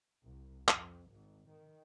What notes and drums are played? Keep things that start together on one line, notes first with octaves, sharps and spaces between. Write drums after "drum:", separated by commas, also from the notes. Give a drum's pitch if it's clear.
C2
F2, drum: clap
G#1
D#3